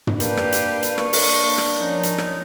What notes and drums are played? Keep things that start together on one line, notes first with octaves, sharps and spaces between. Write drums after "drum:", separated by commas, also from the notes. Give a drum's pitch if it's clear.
drum: tom
A#3 D4 G4 B4 F5, drum: hi-hat
drum: rim click
drum: hi-hat
drum: hi-hat
A#3 C#6, drum: rim click
drum: open hi-hat
A#3
drum: rim click
F3 C#4 D#4
drum: hi-hat
drum: rim click